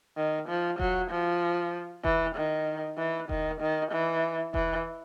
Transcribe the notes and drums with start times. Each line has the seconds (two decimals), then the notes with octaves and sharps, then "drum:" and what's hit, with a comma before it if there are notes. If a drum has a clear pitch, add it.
0.17 D#3
0.49 F3
0.80 F#3, drum: kick E1
1.11 F3
2.05 E3, drum: kick E1
2.35 D#3
2.98 E3
3.29 D#3, drum: kick E1
3.61 D#3
3.92 E3
4.54 E3, drum: kick E1